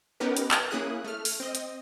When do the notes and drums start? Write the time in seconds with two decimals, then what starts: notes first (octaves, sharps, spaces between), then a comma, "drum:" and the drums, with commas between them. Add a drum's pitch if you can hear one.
0.20 B3 C#4 D#4 G4 A#4 B4
0.37 drum: hi-hat
0.51 drum: clap
0.71 A#3 C#4 E4 G#4 D#6 F#6
1.04 A3 F6
1.25 drum: open hi-hat
1.40 C4 D#5
1.55 drum: hi-hat